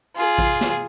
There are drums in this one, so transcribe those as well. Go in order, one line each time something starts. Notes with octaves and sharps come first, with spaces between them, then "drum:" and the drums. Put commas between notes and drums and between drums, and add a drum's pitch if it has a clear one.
F4 G#4
drum: kick A1
drum: snare